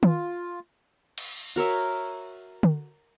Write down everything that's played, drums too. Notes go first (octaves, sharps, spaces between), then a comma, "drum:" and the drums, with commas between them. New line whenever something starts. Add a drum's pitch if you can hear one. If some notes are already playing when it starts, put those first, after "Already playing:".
F4, drum: tom D#3
drum: cymbal
F#4 A#4 C#5 E5
drum: tom D3